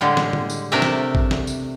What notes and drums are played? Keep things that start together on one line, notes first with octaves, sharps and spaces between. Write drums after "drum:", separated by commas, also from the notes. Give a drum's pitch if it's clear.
A2 D3 G3 G#3
drum: snare
drum: tom
drum: tambourine
C3 A3 D4 A#4 D5 E5
drum: snare
drum: kick
drum: snare
drum: tambourine